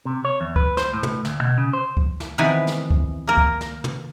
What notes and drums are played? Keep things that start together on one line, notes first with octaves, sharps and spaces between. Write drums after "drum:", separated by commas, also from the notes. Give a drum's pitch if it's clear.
C3
C#5
E2
B4, drum: kick C#2
C5, drum: snare
A2
drum: tom
D2, drum: snare
B2
C#3
C5
drum: kick C#2
drum: snare
C3 D#3 E3 B3 B4 G#5
drum: snare
drum: kick C#2
A#3 A#4
drum: kick C#2
drum: snare
drum: tom